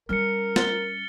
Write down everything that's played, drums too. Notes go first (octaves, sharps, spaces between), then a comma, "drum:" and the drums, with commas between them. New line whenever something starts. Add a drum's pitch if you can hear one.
G3 C#4 A#4 F6 C#7
A6 G7, drum: snare